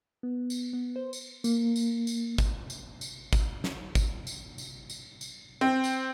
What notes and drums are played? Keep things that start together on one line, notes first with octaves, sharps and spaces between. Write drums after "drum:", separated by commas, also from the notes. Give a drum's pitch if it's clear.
B3
drum: tambourine
B3
C5
drum: tambourine
A#3, drum: tambourine
drum: tambourine
drum: tambourine
drum: kick, tambourine
drum: tambourine
drum: tambourine
drum: kick, tambourine
drum: snare
drum: kick, tambourine
drum: tambourine
drum: tambourine
drum: tambourine
drum: tambourine
C4
drum: tambourine